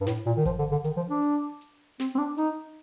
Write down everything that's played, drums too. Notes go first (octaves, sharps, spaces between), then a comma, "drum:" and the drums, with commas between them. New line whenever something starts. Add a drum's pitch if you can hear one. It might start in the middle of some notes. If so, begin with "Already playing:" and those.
G2
A2, drum: snare
A#2
D#3
F3, drum: kick G1, hi-hat
D3
D3
D#3, drum: hi-hat
F3
D4
drum: open hi-hat
drum: hi-hat
C4, drum: snare
C4
D4
D#4, drum: hi-hat